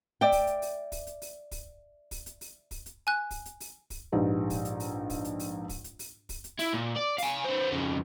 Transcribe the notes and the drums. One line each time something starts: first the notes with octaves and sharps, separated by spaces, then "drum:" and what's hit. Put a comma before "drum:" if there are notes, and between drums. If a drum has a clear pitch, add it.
D5 E5 G5
drum: kick, open hi-hat
drum: hi-hat
drum: open hi-hat
drum: kick, open hi-hat
drum: hi-hat
drum: open hi-hat
drum: kick, open hi-hat
drum: kick, open hi-hat
drum: hi-hat
drum: open hi-hat
drum: kick, open hi-hat
drum: hi-hat
G#5 F#6
drum: kick, open hi-hat
drum: hi-hat
drum: open hi-hat
drum: kick, open hi-hat
A#1 G#2 D#4 G4 B4
drum: kick, open hi-hat
drum: hi-hat
drum: open hi-hat
drum: kick, open hi-hat
drum: hi-hat
drum: open hi-hat
drum: kick, open hi-hat
drum: hi-hat
drum: open hi-hat
drum: kick, open hi-hat
drum: hi-hat
E4, drum: open hi-hat
A#2
D5
F5 G#5, drum: open hi-hat
B3 C5
F2 C#3